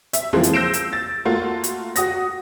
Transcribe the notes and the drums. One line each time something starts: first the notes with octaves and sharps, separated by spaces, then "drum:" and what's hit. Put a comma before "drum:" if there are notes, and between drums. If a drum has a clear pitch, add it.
E5, drum: hi-hat
C#3 E3 F3 G#3 A#3 C4
drum: hi-hat
E6 G6 A#6 C7 D7 E7
drum: hi-hat
A6
A3 A#3 F4 F#4
drum: hi-hat
F#4 D#6 A#6, drum: hi-hat